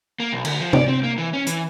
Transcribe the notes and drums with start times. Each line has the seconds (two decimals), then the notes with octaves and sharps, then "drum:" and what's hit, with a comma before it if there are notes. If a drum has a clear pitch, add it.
0.20 A#3
0.32 B1
0.45 D2, drum: cymbal
0.60 F3
0.73 D5, drum: tom C3
0.88 C4
1.03 A#3
1.18 E3
1.33 C#4
1.47 E3, drum: hi-hat